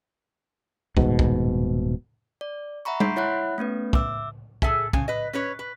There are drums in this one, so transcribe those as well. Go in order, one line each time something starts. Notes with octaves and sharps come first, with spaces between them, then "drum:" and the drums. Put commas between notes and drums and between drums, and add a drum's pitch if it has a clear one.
D#1 G#2 B2, drum: kick
drum: kick
D5
E5 F#5 A#5 B5 C#6
C6 G6 B6 C7 D7, drum: tom G3
E4 C#5 E5 F#5 B5 F#6
A3 B3 C#4 B4
E5 D6 E6, drum: kick
G#4 A4 E5 G#5, drum: kick
C#3 G#5, drum: kick
B4 D#5
C#4 B4 C#5
B4